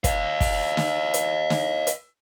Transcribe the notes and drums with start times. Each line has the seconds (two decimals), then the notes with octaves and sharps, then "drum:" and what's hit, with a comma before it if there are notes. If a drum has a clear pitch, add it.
0.04 D#5 F5, drum: kick, hi-hat
0.41 drum: kick, open hi-hat
0.77 drum: snare
1.14 drum: hi-hat
1.50 drum: snare
1.87 drum: hi-hat